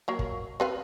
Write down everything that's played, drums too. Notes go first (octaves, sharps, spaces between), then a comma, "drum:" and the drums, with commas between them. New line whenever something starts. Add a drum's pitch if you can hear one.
F#3 A#3
drum: kick
C4 B4 F5